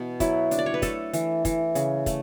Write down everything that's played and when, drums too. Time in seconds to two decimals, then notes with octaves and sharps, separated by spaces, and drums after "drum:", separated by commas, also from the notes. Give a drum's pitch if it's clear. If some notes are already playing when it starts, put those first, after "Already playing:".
Already playing: B2 E3
0.20 F#3 E4, drum: kick, hi-hat
0.51 D4, drum: hi-hat
0.59 D5
0.66 C#5
0.74 B4
0.82 A3 A4, drum: kick, hi-hat
1.13 E3, drum: hi-hat
1.45 E3, drum: kick, hi-hat
1.75 C#3, drum: hi-hat
2.06 A3, drum: kick, hi-hat